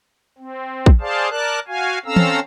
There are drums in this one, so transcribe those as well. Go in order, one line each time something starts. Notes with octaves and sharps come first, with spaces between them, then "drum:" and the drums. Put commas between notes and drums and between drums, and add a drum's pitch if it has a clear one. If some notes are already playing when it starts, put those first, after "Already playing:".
C4
drum: kick
G#4 C5 D5 F5 A5
A#4 D5 A5 F#6
F#4 F5 G#5
C4 C#4 A4 F5 A#5 E6
drum: tom